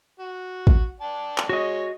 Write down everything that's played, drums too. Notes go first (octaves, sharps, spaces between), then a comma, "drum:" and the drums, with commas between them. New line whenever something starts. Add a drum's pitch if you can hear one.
F#4
drum: kick
D5 G5 A5
drum: clap
G#3 F#4 C#5 D#5